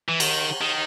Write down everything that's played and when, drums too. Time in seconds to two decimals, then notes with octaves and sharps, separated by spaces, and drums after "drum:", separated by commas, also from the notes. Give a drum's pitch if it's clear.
0.08 E3
0.20 D#3, drum: cymbal
0.61 D#3